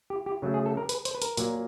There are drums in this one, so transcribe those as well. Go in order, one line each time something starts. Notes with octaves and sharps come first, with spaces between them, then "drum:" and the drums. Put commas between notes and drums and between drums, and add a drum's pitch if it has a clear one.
G4
G4
C#3 F#3 A3
G#4
A4
A#4
B4, drum: hi-hat
C5, drum: hi-hat
B4
A#4, drum: hi-hat
A#2 F#3 A#3, drum: hi-hat